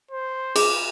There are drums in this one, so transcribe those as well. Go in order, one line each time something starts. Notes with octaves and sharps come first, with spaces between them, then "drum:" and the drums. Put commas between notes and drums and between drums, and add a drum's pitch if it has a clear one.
C5
G#4, drum: cymbal